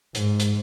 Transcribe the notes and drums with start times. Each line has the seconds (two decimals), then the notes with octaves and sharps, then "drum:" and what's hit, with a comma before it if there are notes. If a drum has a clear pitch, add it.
0.15 G#2, drum: hi-hat
0.40 drum: hi-hat